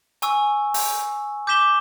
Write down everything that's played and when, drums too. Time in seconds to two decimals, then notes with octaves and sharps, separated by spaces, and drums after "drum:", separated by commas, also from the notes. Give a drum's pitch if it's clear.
0.22 G#5 C#6 E6, drum: hi-hat
0.74 drum: open hi-hat
1.47 D6 G6 B6 E7 G7